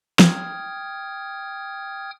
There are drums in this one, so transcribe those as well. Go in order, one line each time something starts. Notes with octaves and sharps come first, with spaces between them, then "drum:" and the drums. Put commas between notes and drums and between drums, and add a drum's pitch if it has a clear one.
G5 D#6 F6 G#6, drum: snare